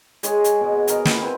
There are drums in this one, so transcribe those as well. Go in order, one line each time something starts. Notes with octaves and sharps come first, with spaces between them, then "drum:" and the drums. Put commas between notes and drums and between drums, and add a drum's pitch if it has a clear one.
G#3 G#4 C#5 G#5, drum: hi-hat
drum: hi-hat
B2 G#3
F#4 A#4 D#5, drum: hi-hat
E4, drum: snare
C4 E4 B4